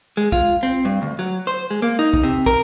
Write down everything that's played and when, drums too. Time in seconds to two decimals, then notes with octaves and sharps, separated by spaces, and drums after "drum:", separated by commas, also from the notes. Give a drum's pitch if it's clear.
0.17 G#3
0.32 F4, drum: kick
0.63 C4
0.85 G2
1.02 D2
1.19 F#3
1.47 C5
1.71 G#3
1.82 A#3
1.99 D#4
2.14 drum: kick
2.23 C3
2.46 A#4, drum: kick